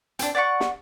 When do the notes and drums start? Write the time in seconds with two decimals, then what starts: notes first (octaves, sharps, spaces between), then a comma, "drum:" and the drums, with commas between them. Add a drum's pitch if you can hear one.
0.19 C4 D4, drum: hi-hat
0.35 D5 F#5 B5 C#6
0.60 drum: snare